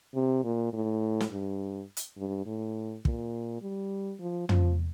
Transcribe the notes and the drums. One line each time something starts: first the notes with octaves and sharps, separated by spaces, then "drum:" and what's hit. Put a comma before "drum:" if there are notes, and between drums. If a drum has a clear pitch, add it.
C3
A#2
A2
drum: snare
G2
drum: hi-hat
G2
A2
A#2, drum: kick
G3
F3
F3, drum: tom